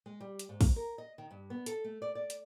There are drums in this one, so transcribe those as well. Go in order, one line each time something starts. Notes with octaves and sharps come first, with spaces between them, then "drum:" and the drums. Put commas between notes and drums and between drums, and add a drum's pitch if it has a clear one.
G#3
G3
drum: hi-hat
G#2
drum: kick, open hi-hat
A#4
D#5
D#3
G2
B3
A4, drum: hi-hat
A3
D5
D5
drum: hi-hat